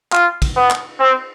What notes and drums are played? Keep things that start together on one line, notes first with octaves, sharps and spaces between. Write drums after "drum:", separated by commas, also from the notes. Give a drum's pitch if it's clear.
F4, drum: clap
drum: kick, cymbal
B3
drum: clap
C4